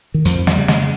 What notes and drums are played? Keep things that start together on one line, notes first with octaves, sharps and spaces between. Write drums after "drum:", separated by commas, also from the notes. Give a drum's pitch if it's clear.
D#3
F2 F3, drum: hi-hat
G3, drum: snare
C#3
G#3, drum: snare